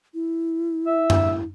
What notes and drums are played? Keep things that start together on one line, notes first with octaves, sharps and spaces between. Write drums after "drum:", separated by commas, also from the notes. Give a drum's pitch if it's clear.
E4
E5
drum: tom F#2